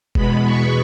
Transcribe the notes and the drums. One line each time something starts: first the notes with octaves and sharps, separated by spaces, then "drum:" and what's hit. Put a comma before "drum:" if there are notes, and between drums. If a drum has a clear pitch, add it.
E2 B2 G#3 B3 B5, drum: kick F#1
C#6